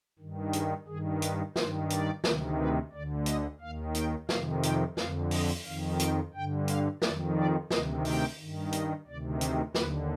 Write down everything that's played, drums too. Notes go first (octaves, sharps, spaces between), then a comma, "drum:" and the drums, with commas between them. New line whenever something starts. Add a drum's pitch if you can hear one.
G2 D#3
G#4, drum: hi-hat
G2 D#3 G#4
B4, drum: hi-hat
G2 D#3 C5, drum: snare
D5, drum: hi-hat
D2 C3 D#3, drum: snare
B4
D2 D3 D5
D#5, drum: hi-hat
D#2 D#3 F5
G5, drum: hi-hat
F2 C3 D#3 F5, drum: snare
G5, drum: hi-hat
F2 D3 F5, drum: snare
D#5, drum: open hi-hat
F2 D#3 F5
G5, drum: hi-hat
G2 D3 G5
F5, drum: hi-hat
F2 D#3 D5, drum: snare
D5
D2 C3 D#3 D#5, drum: snare
G5, drum: open hi-hat
G2 D#3
D#5, drum: hi-hat
D2 C3 D#3 D5
C5, drum: hi-hat
D#2 D3 B4, drum: snare